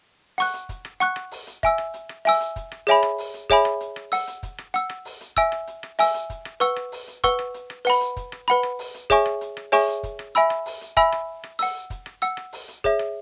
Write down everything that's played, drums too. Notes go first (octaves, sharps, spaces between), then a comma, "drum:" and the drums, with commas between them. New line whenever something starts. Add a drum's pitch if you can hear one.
F#5 C#6 F#6, drum: open hi-hat
drum: hi-hat
drum: kick, hi-hat
drum: rim click
F#5 C#6 F#6, drum: hi-hat
drum: rim click
drum: open hi-hat
drum: hi-hat
E5 G#5 E6, drum: kick, hi-hat
drum: rim click
drum: hi-hat
drum: rim click
E5 G#5 E6, drum: open hi-hat
drum: hi-hat
drum: kick, hi-hat
drum: rim click
G#4 C#5 E5 G#5 B5, drum: hi-hat
drum: rim click
drum: open hi-hat
drum: hi-hat
G#4 C#5 E5 G#5 B5, drum: kick, hi-hat
drum: rim click
drum: hi-hat
drum: rim click
F#5 E6, drum: open hi-hat
drum: hi-hat
drum: kick, hi-hat
drum: rim click
F#5 E6, drum: hi-hat
drum: rim click
drum: open hi-hat
drum: hi-hat
E5 G#5 E6, drum: kick, hi-hat
drum: rim click
drum: hi-hat
drum: rim click
E5 G#5 E6, drum: open hi-hat
drum: hi-hat
drum: kick, hi-hat
drum: rim click
B4 F#5 C#6 E6, drum: hi-hat
drum: rim click
drum: open hi-hat
drum: hi-hat
B4 F#5 C#6 E6, drum: kick, hi-hat
drum: rim click
drum: hi-hat
drum: rim click
B4 F#5 B5, drum: open hi-hat
drum: hi-hat
drum: kick, hi-hat
drum: rim click
B4 F#5 B5, drum: hi-hat
drum: rim click
drum: open hi-hat
drum: hi-hat
G#4 C#5 E5 G#5 C#6, drum: kick, hi-hat
drum: rim click
drum: hi-hat
drum: rim click
G#4 C#5 E5 G#5 C#6, drum: open hi-hat
drum: hi-hat
drum: kick, hi-hat
drum: rim click
E5 G#5 B5 E6, drum: hi-hat
drum: rim click
drum: open hi-hat
drum: hi-hat
E5 G#5 B5 E6, drum: kick, hi-hat
drum: rim click
drum: rim click
F#5 E6, drum: open hi-hat
drum: kick, hi-hat
drum: rim click
F#5 E6, drum: hi-hat
drum: rim click
drum: open hi-hat
drum: hi-hat
G#4 C#5 E5, drum: kick
drum: rim click